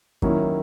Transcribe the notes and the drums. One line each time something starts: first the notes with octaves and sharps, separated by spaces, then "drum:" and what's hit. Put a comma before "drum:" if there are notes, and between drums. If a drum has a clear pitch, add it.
D#3 F#3 A#3 C#4 E4, drum: kick